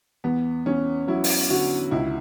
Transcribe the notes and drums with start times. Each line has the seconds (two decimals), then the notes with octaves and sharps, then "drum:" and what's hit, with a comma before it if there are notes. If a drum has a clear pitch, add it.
0.24 E2 B3
0.66 E2 C#4
1.08 F#3 E4
1.24 drum: open hi-hat
1.50 D3 F#4
1.91 C#2 E4